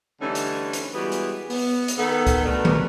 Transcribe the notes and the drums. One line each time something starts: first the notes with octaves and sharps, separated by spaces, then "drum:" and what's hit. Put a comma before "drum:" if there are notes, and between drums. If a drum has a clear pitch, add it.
D3 E3 G3 A3 C#4 D#4
drum: hi-hat
drum: hi-hat
E3 G3 G#3 B3 F#4 G#4
drum: hi-hat
B3, drum: open hi-hat
drum: hi-hat
D#3 B3 A4
drum: kick C2, hi-hat
B2 A3 B3 D4 A#4 B4
drum: tom D#3